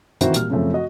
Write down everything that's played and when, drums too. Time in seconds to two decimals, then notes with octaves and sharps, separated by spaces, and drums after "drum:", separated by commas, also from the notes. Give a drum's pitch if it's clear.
0.21 D#3 E3 C4 E4 F#4 C5, drum: hi-hat
0.34 A#2 G3 F6, drum: hi-hat
0.50 F#2 C#3 F3 A3 C4
0.73 F#4 D#5